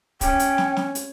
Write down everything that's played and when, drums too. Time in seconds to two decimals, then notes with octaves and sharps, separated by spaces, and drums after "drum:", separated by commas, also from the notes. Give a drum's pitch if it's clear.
0.21 C#4 G5, drum: kick, hi-hat
0.39 drum: hi-hat
0.58 drum: snare
0.77 drum: snare
0.95 drum: hi-hat